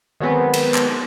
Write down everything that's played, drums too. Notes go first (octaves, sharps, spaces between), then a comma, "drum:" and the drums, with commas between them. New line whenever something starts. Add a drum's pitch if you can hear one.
D#3 F#3 G#3 B3 C4
drum: cymbal
drum: clap